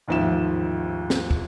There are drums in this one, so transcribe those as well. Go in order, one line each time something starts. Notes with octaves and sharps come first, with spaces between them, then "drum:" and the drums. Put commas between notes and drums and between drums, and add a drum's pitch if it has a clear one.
A1 D#2 G#2 F3 E5 E7
drum: snare
drum: kick